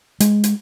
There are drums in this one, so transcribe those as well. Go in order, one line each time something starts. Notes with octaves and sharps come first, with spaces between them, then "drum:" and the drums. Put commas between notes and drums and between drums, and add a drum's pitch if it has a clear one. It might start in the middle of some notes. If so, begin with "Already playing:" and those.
G#3, drum: hi-hat
drum: hi-hat